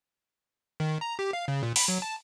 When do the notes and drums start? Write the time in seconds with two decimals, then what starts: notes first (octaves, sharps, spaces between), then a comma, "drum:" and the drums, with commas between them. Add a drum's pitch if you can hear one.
0.80 D#3
1.01 A#5
1.19 G4
1.33 F5
1.48 C#3
1.63 A#2
1.76 B5, drum: open hi-hat
1.88 F#3
2.02 A5